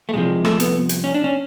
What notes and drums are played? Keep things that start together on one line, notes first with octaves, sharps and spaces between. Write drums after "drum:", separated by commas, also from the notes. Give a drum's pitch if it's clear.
A3
C2 C3 F3 G#3
A3, drum: rim click
B3, drum: hi-hat
drum: hi-hat
C#4
D4
C#4